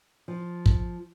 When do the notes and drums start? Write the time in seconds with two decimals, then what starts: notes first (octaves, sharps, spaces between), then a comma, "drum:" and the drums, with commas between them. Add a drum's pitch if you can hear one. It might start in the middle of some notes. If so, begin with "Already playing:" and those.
0.28 F3
0.66 drum: kick